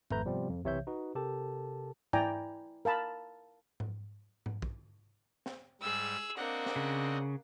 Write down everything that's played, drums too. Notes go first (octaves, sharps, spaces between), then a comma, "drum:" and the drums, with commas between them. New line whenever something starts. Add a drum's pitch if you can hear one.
G#1 F2 A3 B4 A#5 G6, drum: tom G#2
C3 F3 G3 B3 C4
F2
B1 C3 E3 C#5 E5 G6
D#4 F#4 B4
C3 G4 A4 A#4 A5
E4 D5 G5 G#5 A#5, drum: tom G#2
A#4 F5 A5 B5
drum: tom G#2
drum: tom G#2
drum: kick
drum: snare
G#2 G3 G#4 E6
A#3 C4 D4 D#5 F#5
drum: snare
C#3